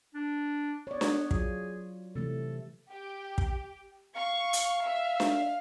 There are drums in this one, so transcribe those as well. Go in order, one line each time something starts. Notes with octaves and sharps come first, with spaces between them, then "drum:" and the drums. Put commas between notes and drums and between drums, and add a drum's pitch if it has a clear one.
D4
B3 C#5 D5
drum: snare D4
F#3 F4 G#4, drum: kick
C3 E3 A3 A4
G4
drum: kick
F5 C#6
drum: hi-hat
E5
drum: snare D4